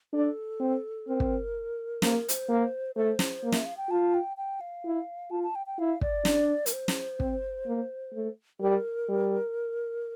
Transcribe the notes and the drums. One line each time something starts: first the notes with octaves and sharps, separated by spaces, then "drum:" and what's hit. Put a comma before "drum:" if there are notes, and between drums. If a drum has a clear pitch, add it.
D4 A4
C4
C4 A#4
drum: kick
A#3 C5, drum: snare
A#4
C5, drum: hi-hat
A#3
A3 C5
drum: snare
A#3
E5, drum: snare
F5
G5
F4 A5
G5
G5
F5
E4
F4 A5
A5
G5
G5
E4 F5
D5, drum: kick
D4, drum: snare
A#4, drum: hi-hat
C5
drum: snare
C4, drum: kick
A#3
A3
G3 A#4
G3